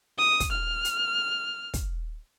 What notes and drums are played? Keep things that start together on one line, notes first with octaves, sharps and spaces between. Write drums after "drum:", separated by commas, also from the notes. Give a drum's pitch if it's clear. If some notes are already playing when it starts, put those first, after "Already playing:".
D#6
drum: kick, hi-hat
F6
drum: hi-hat
drum: kick, hi-hat